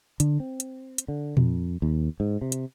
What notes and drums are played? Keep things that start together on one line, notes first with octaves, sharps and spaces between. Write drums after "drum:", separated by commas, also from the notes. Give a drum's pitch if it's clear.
D3, drum: hi-hat
C4
drum: hi-hat
drum: hi-hat
D3
F2, drum: tom A#2
D#2
G#2
C3
drum: hi-hat